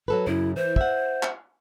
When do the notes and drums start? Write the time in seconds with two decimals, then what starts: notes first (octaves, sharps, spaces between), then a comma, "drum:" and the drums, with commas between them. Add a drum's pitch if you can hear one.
0.08 F#3 A4 B4
0.27 F#2 C#3 E4
0.56 E3 C5
0.76 E5 F#5, drum: kick
1.23 drum: clap